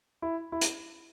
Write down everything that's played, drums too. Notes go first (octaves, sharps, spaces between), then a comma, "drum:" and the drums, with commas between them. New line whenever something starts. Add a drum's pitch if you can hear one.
E4
E4
drum: hi-hat